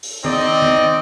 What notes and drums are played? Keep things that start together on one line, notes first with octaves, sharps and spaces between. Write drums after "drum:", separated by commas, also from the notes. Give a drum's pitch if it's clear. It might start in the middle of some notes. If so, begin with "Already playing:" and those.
drum: open hi-hat
C4 D#4 D5 D#5, drum: tom
drum: tom